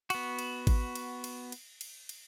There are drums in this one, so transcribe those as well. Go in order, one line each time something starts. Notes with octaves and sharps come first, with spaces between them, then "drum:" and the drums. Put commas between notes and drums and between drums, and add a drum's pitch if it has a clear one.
B3 F#4, drum: cymbal
drum: cymbal
drum: kick A1, cymbal
drum: cymbal
drum: cymbal
drum: cymbal
drum: cymbal
drum: cymbal